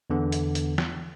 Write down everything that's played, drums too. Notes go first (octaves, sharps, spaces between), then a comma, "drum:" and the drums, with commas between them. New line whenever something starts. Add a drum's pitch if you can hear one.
E2 D3 B3
drum: hi-hat
drum: hi-hat
drum: snare